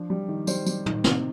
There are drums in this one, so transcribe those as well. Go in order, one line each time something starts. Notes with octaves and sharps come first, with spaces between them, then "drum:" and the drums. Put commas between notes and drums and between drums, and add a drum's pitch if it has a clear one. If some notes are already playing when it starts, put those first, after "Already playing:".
Already playing: F3 D4
G3
D#3
G3 C5, drum: tambourine
G3, drum: tambourine
D#3, drum: tom
C3, drum: snare